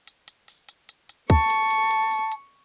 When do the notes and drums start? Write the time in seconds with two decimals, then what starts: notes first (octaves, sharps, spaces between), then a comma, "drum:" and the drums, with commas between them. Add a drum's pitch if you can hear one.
0.07 drum: hi-hat
0.28 drum: hi-hat
0.48 drum: open hi-hat
0.69 drum: hi-hat
0.89 drum: hi-hat
1.09 drum: hi-hat
1.30 A5 C#6, drum: kick
1.50 drum: hi-hat
1.71 drum: hi-hat
1.91 drum: hi-hat
2.11 drum: open hi-hat
2.32 drum: hi-hat